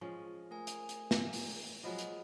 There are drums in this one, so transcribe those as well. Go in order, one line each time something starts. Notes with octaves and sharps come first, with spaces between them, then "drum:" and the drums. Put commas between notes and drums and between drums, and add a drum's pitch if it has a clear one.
F3 G#3 C#4
A3 A#4 G#5
drum: hi-hat
drum: hi-hat
drum: snare
drum: open hi-hat
drum: open hi-hat
F3 F#3 G#3 F4 D#5 B5
drum: hi-hat